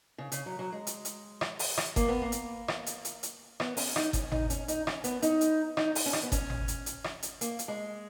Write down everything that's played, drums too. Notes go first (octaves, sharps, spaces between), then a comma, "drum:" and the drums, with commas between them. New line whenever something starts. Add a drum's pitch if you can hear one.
C#3
C#3, drum: hi-hat
F#3
F#3
G#3
drum: hi-hat
drum: hi-hat
drum: rim click
drum: open hi-hat
drum: rim click
A#3, drum: kick G1, hi-hat
B3
A#3
drum: hi-hat
drum: rim click
drum: hi-hat
drum: hi-hat
drum: hi-hat
B3, drum: rim click
C#4, drum: open hi-hat
D#4, drum: rim click
C#4, drum: kick G1, hi-hat
D#4, drum: tom G#1
C#4, drum: hi-hat
D#4, drum: hi-hat
C#4, drum: rim click
B3, drum: hi-hat
D#4, drum: hi-hat
drum: hi-hat
D#4, drum: rim click
drum: open hi-hat
C#4
D#4, drum: rim click
B3
C#4, drum: kick G1, hi-hat
drum: tom G#1
drum: hi-hat
drum: hi-hat
drum: rim click
drum: hi-hat
A#3, drum: hi-hat
drum: hi-hat
G#3